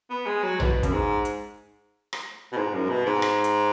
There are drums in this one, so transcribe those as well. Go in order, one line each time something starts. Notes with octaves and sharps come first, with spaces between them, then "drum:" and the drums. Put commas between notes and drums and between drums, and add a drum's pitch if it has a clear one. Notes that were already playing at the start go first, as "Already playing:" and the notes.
B3
G#3
F#3
B2, drum: tom
F#2, drum: kick, hi-hat
G#2
drum: hi-hat
drum: rim click
B2
G#2
F#2
B2
G#2
drum: rim click
drum: hi-hat